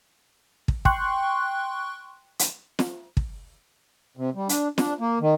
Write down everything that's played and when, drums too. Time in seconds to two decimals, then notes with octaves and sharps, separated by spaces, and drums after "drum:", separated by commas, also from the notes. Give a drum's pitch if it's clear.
0.68 drum: kick
0.85 G5 C6 C#6 F#6, drum: kick
2.39 drum: hi-hat
2.79 drum: snare
3.17 drum: kick
4.17 C3
4.35 G3
4.49 D4, drum: hi-hat
4.78 D4, drum: snare
5.00 A#3
5.21 D#3